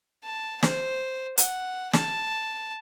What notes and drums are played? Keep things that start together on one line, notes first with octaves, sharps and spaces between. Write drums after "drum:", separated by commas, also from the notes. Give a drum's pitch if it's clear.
A5
C5, drum: snare
F#5, drum: hi-hat
A5, drum: snare